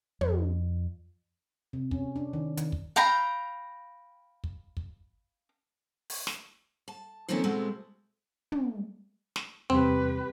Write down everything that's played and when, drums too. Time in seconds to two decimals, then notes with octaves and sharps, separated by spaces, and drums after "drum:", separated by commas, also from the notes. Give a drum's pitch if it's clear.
0.21 F2, drum: tom
1.73 C3
1.91 C#4, drum: kick
2.16 D4
2.33 D#3
2.57 D#3, drum: hi-hat
2.72 drum: kick
2.96 F5 G5 A#5 B5
4.44 drum: kick
4.77 drum: kick
6.10 drum: open hi-hat
6.27 drum: snare
6.88 A5
7.28 D#3 F3 A3 A#3 C4 C#4
7.44 B2 G#3 A3 B3 C4
8.52 drum: tom
9.36 drum: snare
9.70 E2 C3 G3 C4 G4 B4